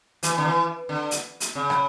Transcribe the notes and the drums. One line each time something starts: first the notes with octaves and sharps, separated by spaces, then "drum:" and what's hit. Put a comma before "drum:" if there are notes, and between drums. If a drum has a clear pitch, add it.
E3, drum: hi-hat
D3
E3
D3
drum: hi-hat
drum: hi-hat
C#3
drum: rim click